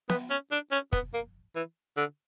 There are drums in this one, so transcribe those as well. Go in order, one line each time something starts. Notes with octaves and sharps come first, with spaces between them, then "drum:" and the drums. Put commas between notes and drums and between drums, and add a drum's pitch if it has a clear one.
B3, drum: snare B3
C#4
D4
C#4
B3, drum: kick
A#3
E3
D3